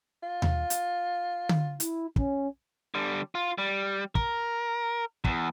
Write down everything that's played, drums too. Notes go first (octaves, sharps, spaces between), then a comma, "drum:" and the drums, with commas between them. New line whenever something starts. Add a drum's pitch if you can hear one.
F4
drum: tom D#2
drum: hi-hat
drum: tom D3
E4, drum: hi-hat
C#4, drum: kick
D3 G3
F4
G3
A#4, drum: kick
E2, drum: kick